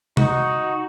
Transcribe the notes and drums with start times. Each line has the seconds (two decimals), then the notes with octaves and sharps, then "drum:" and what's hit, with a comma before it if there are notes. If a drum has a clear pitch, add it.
0.17 D#4 F#4, drum: tom